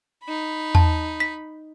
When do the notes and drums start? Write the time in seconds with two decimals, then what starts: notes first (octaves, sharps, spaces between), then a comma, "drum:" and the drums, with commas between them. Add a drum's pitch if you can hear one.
0.24 D#4 B5
0.75 A5, drum: tom E2
1.20 B6